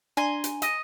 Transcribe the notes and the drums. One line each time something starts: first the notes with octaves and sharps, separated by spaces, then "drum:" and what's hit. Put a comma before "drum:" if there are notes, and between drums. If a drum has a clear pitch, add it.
D4 G#5 A#5 C6
drum: hi-hat
D#5, drum: hi-hat